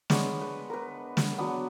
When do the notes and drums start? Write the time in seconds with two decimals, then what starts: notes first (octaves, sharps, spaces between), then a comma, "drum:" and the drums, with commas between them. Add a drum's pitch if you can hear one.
0.10 G#3 B3 D4 C#5, drum: snare
0.41 B4
0.70 A#4 B4
1.17 drum: snare
1.38 F#3 B3 D4